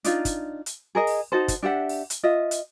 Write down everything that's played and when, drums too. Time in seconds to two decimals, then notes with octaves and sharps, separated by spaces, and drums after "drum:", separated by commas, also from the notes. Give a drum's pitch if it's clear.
0.04 D4 D#4 F4, drum: hi-hat
0.25 drum: kick, hi-hat
0.66 drum: hi-hat
0.95 G#4 A#4 D#5
1.07 drum: open hi-hat
1.32 D#4 F#4 A4 C5
1.48 drum: kick, hi-hat
1.63 D4 G4 E5 F#5
1.89 drum: open hi-hat
2.10 drum: hi-hat
2.23 F4 D#5 E5
2.51 drum: hi-hat